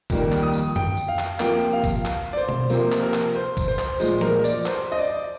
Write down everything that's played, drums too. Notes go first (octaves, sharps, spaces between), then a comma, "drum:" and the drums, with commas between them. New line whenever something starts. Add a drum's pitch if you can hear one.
F2 D#3 G3 A#3, drum: kick, tambourine
drum: clap
D#6
drum: tambourine
G5, drum: tom F2
drum: tambourine
F5
drum: clap
C3 F3 A#3 G5, drum: clap
F5
drum: kick, tambourine
drum: clap
D5
C5
drum: tom B2
C3 F3 A#3 C5, drum: tambourine
drum: clap
A#4
drum: clap
C5
drum: kick, tambourine
C5
drum: clap
A#2 F3 G#3 C5, drum: tambourine
A#4, drum: tom E3
D5, drum: tambourine
C5, drum: clap
D#5
D5